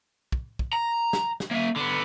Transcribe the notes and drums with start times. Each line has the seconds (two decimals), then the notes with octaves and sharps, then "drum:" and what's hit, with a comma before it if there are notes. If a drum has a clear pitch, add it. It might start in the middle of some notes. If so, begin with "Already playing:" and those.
0.32 drum: kick
0.59 drum: kick
0.73 A#5
1.13 drum: snare
1.40 drum: snare
1.51 A#3 E5
1.76 D3 B3